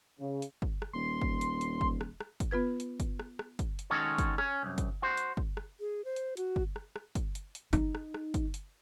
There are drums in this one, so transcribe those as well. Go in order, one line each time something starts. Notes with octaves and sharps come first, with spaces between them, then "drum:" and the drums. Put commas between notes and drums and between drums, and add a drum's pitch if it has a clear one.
C#3
drum: hi-hat
drum: kick
drum: rim click
D#1 C6
drum: kick
drum: hi-hat
drum: hi-hat
drum: kick
drum: rim click
drum: rim click
drum: kick, hi-hat
B3 F4 B4 G#6
drum: hi-hat
drum: kick, hi-hat
drum: rim click
drum: rim click
drum: kick, hi-hat
drum: hi-hat
D#3 G#3 C#4 F#4 A4 C#5
drum: kick, hi-hat
C#4, drum: rim click
C2 F#2
drum: kick, hi-hat
F#4 C5
drum: hi-hat
drum: kick
drum: rim click
G#4
C5
drum: hi-hat
F#4, drum: hi-hat
drum: kick
drum: rim click
drum: rim click
drum: kick, hi-hat
drum: hi-hat
drum: hi-hat
D#4, drum: kick, hi-hat
drum: rim click
drum: rim click
drum: kick, hi-hat
drum: hi-hat